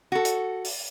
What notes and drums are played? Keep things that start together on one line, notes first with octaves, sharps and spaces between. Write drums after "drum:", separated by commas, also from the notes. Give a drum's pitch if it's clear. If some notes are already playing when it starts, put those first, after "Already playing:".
F#4 A4
drum: hi-hat
drum: open hi-hat